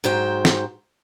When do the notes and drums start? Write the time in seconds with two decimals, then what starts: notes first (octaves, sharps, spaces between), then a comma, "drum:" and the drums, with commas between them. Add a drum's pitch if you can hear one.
0.04 G#2 F#3 C5 G5
0.45 drum: snare